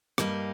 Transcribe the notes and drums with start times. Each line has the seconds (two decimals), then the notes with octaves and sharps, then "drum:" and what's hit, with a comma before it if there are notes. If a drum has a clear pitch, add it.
0.18 G2 G3 A#3 D#4, drum: rim click